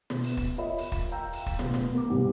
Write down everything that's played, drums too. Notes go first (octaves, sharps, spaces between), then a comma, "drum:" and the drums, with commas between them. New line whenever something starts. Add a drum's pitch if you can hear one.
B2, drum: snare
drum: open hi-hat
drum: kick, hi-hat
F4 A#4 C#5 D#5 E5 B5
drum: open hi-hat
drum: kick, hi-hat
F5 G5 A#5 E6 G6
drum: open hi-hat
drum: kick, hi-hat
D1 B2, drum: snare
drum: snare
A#3 D6
C2 G#2 B2 G3